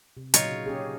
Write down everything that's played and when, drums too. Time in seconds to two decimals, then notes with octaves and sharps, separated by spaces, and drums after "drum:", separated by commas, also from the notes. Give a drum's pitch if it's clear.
0.17 C3
0.34 A#2 C#3 F#3 D#4 F4 C#5, drum: hi-hat
0.66 C#4 G4 G#4